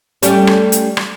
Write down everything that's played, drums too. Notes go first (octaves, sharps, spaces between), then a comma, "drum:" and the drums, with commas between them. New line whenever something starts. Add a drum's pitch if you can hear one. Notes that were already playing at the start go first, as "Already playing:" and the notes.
G3 A3 C#4, drum: hi-hat
drum: rim click
drum: hi-hat
drum: rim click